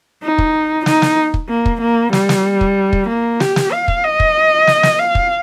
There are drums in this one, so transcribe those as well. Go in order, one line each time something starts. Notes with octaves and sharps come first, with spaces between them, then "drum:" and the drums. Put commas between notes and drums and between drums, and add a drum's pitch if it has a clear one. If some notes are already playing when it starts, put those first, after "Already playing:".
D#4
drum: kick
D#4, drum: snare
drum: snare
drum: kick
A#3
drum: kick
A#3
G3, drum: snare
drum: snare
drum: kick
drum: kick
A#3
G4, drum: snare
drum: snare
F5
drum: kick
D#5
drum: kick
drum: snare
drum: snare
F5
drum: kick